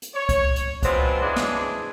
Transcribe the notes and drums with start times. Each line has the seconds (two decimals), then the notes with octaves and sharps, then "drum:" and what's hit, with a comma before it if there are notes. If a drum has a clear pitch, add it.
0.02 drum: hi-hat
0.14 C#5
0.29 drum: kick C#2, hi-hat
0.56 drum: hi-hat
0.83 F#3 G#3 B3 C4 D4 F4, drum: kick C#2, hi-hat
1.21 C#3 E3 G#3 D4
1.36 drum: snare